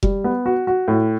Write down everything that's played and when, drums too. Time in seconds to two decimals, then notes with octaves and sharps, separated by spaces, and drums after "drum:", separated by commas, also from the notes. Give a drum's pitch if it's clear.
0.03 G3, drum: kick F1
0.24 B3
0.46 F#4
0.67 F#4
0.88 A2